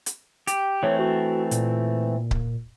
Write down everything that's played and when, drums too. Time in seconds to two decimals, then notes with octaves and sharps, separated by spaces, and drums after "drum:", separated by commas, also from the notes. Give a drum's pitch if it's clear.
0.06 drum: hi-hat
0.47 G4, drum: hi-hat
0.83 E3 A3 C4 C#5
0.99 F#4
1.51 A#2, drum: hi-hat
2.31 drum: kick C#1